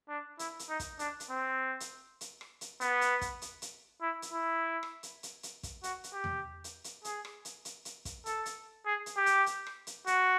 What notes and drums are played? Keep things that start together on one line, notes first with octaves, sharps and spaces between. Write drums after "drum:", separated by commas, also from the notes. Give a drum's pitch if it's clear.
D4
E4, drum: hi-hat
drum: hi-hat
D#4
drum: kick, hi-hat
D4, drum: hi-hat
drum: hi-hat
C4
drum: hi-hat
drum: hi-hat
drum: rim click
drum: hi-hat
B3, drum: hi-hat
drum: hi-hat
drum: kick, hi-hat
drum: hi-hat
drum: hi-hat
E4
drum: hi-hat
E4
drum: rim click
drum: hi-hat
drum: hi-hat
drum: hi-hat
drum: kick, hi-hat
F#4, drum: hi-hat
drum: hi-hat
G4
drum: tom E2
drum: hi-hat
drum: hi-hat
G#4, drum: hi-hat
drum: rim click
drum: hi-hat
drum: hi-hat
drum: hi-hat
drum: kick, hi-hat
A4, drum: hi-hat
drum: hi-hat
G#4
drum: hi-hat
G4
drum: hi-hat
drum: hi-hat
drum: rim click
drum: hi-hat
F#4, drum: hi-hat